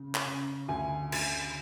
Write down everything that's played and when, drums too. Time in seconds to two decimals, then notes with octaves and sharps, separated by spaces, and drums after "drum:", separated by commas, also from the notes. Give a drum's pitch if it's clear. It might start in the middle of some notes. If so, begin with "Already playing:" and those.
Already playing: C#3
0.15 drum: clap
0.26 C#3
0.68 D2 G#5
1.12 D2, drum: cymbal